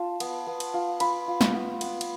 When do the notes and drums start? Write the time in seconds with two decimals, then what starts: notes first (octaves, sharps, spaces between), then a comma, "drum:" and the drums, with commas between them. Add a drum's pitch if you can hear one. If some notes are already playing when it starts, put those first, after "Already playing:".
Already playing: F4 A5
0.20 B3, drum: cymbal
0.47 B3
0.60 drum: cymbal
0.74 F4
1.00 F4 B5, drum: cymbal
1.28 F4
1.41 drum: snare
1.54 B3
1.81 B3, drum: cymbal
2.01 drum: cymbal